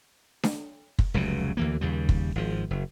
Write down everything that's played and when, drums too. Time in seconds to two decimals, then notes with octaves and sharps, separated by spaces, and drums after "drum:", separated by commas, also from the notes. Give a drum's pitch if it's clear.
0.43 drum: snare D4
0.99 drum: kick
1.14 F1 C#2 C#3 F#3
1.57 D2 E3 A#3
1.81 D#2 C#3 G3
2.09 drum: kick
2.35 G#1 F3
2.71 F#1